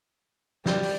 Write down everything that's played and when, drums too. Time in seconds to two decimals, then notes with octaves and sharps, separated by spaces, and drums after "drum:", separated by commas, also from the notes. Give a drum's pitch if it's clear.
0.66 G3, drum: snare
0.83 drum: open hi-hat